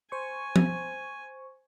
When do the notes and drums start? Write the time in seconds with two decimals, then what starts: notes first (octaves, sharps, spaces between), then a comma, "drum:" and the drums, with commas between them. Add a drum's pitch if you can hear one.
0.12 C5 G#5 C#6
0.56 drum: tom F3